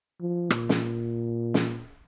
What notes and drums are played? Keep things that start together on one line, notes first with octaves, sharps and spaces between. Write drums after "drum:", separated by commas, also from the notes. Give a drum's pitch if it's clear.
F3
A#2, drum: rim click
drum: snare
drum: snare